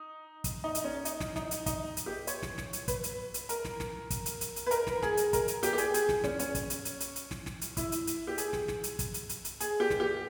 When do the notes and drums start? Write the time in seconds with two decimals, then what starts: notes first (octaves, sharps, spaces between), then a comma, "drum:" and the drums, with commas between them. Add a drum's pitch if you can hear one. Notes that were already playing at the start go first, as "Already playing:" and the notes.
Already playing: D#4
0.44 drum: kick, hi-hat
0.64 D#4
0.75 drum: hi-hat
0.84 C#4
1.05 D#4, drum: hi-hat
1.20 drum: snare
1.36 D#4, drum: snare
1.51 drum: hi-hat
1.66 D#4, drum: kick, hi-hat
1.97 drum: hi-hat
2.06 G4
2.27 C#5, drum: hi-hat
2.43 drum: snare
2.58 drum: snare
2.73 drum: hi-hat
2.88 B4, drum: kick, hi-hat
3.04 drum: hi-hat
3.34 drum: hi-hat
3.49 A#4, drum: hi-hat
3.65 drum: snare
3.80 drum: snare
4.10 drum: kick, hi-hat
4.26 drum: hi-hat
4.41 drum: hi-hat
4.56 drum: hi-hat
4.66 B4
4.71 A#4, drum: hi-hat
4.87 drum: snare
5.03 G#4, drum: snare
5.17 drum: hi-hat
5.33 A#4, drum: kick, hi-hat
5.48 drum: hi-hat
5.63 G4, drum: hi-hat
5.73 G4
5.78 G#4, drum: hi-hat
5.94 G#4, drum: hi-hat
6.09 drum: snare
6.24 C#4, drum: snare
6.39 C#4, drum: hi-hat
6.55 drum: kick, hi-hat
6.70 drum: hi-hat
6.85 drum: hi-hat
7.00 drum: hi-hat
7.16 drum: hi-hat
7.31 drum: snare
7.46 drum: snare
7.61 drum: hi-hat
7.77 E4, drum: kick, hi-hat
7.92 drum: hi-hat
8.07 drum: hi-hat
8.27 G4
8.38 G#4, drum: hi-hat
8.53 drum: snare
8.68 drum: snare
8.84 drum: hi-hat
8.99 drum: kick, hi-hat
9.14 drum: hi-hat
9.29 drum: hi-hat
9.45 drum: hi-hat
9.60 G#4, drum: hi-hat
9.80 G4
9.90 drum: snare
10.00 G4